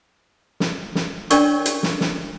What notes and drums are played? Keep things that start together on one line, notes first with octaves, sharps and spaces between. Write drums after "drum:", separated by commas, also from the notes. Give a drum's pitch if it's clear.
drum: snare
drum: snare
C#4 D4 A#4 C#5 D5 C#6, drum: hi-hat
drum: hi-hat
drum: snare
drum: snare